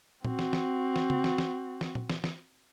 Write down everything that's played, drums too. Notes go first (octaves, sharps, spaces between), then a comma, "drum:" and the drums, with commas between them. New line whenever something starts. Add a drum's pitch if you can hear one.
C4 F#4, drum: tom A#2
drum: snare
drum: snare
drum: snare
drum: tom C#3
drum: snare
drum: snare
drum: snare
drum: tom A#2
drum: snare
drum: snare